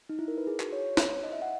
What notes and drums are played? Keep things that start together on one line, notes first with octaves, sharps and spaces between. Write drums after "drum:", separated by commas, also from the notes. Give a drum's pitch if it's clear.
D#4
E4
A#4
B4
G#4
F#4, drum: clap
C#5
drum: snare
D#5
E5
F#5